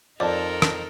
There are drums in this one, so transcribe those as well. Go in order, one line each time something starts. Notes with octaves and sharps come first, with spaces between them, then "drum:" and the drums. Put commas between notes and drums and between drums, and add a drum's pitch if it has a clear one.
F2 D#4 A4 A#4 D5 A5
drum: rim click